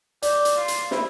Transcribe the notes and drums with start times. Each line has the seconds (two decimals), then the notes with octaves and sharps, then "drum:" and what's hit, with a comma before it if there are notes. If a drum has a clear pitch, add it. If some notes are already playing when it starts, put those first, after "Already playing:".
0.23 G4 D5, drum: hi-hat
0.45 drum: hi-hat
0.57 F4
0.68 drum: hi-hat
0.91 E4, drum: snare